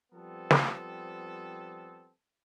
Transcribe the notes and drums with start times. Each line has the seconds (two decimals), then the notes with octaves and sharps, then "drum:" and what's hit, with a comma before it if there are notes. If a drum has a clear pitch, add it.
0.12 F3 G3 B3 C4 A4
0.51 drum: snare